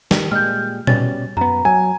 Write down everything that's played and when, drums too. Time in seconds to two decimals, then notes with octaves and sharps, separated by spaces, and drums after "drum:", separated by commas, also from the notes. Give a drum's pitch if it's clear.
0.11 D#3 G3, drum: snare
0.31 A#2 G3 G#3 F6 G6
0.87 B2 G3 C#4 A6, drum: tom A#2
1.37 F#2 B3 A#5
1.65 F#3 G#5